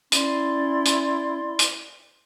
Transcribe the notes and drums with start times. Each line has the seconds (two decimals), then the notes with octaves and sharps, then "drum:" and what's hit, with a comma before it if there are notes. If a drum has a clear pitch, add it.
0.12 C#4 E4 D5 C6, drum: hi-hat
0.85 drum: hi-hat
1.59 drum: hi-hat